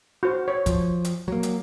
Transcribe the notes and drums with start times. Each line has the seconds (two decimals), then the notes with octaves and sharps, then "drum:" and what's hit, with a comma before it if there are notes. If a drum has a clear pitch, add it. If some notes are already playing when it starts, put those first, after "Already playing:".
0.23 F#4 C5
0.48 C#5
0.66 F3, drum: kick, hi-hat
1.05 drum: hi-hat
1.28 F#3 A#3
1.43 drum: hi-hat